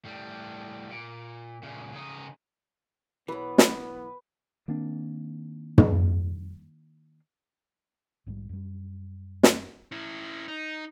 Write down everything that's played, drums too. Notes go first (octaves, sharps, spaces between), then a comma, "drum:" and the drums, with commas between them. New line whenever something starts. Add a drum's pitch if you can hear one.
A2 G3
A#2
A#2 C#3
C#3 D#4
B1 E3 B3 B4
drum: snare
D#3 A#3 C4 D4
drum: tom
A#1 G#2 E3 G3
F#2 G3
drum: snare
C#4 E4
D#4